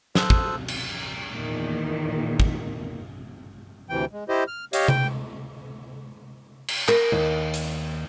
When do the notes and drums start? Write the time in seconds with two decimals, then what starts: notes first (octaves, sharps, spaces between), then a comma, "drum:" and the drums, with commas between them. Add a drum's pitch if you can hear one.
0.15 A4 C5 D#6 E6 F#6, drum: snare
0.30 drum: kick
0.68 drum: cymbal
1.29 E2 A#2 D#3
2.40 drum: kick
3.90 D2 C3 E3 G5
4.13 G#3
4.29 E4 G4 C5 D#5
4.48 F6
4.73 G4 C#5 D#5 F5, drum: hi-hat
4.88 G5, drum: tom C3
6.68 drum: cymbal
6.88 A#4, drum: clap
7.12 D#2
7.54 drum: hi-hat